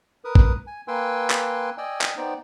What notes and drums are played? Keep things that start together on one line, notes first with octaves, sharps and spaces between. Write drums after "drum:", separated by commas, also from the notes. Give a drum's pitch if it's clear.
A#4 B4 D#6
drum: kick
G#5
A#3 B4 G5 G#5 C6 E6
drum: clap
D5 D#5 G5 G#5 E6
drum: clap
B3 D#4 C5 D5 G5